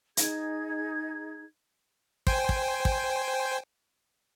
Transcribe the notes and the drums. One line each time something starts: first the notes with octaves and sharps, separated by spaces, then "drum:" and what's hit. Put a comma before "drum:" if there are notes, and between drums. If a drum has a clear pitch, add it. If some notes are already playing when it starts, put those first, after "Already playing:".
D#4 G#4 G#6, drum: hi-hat
C5 G5 G#5, drum: kick
drum: kick
drum: kick